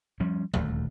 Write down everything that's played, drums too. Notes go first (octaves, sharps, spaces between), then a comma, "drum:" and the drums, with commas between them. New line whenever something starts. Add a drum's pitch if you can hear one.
F3 G3 C#4
D#1 D2 A3, drum: tom